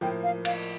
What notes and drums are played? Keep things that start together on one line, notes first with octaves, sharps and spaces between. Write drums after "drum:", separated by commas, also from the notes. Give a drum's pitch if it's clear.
A2 F3 A#3 G5
F5
F5, drum: cymbal